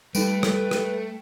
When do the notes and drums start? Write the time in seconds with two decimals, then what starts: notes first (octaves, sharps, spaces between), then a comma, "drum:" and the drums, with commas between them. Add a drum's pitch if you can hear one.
0.15 G3 A3 D#4 A4 B4 G5 D7, drum: tambourine
0.43 drum: rim click
0.71 drum: rim click